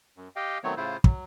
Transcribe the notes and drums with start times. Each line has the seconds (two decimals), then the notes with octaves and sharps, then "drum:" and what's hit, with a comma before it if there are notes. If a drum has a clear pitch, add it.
0.17 F#2
0.36 G4 D#5 F5 G5
0.64 D#3 F#3 A3 B3 C4 C#5
0.77 A2 C#3 E4 F4 C5
1.04 F#3, drum: kick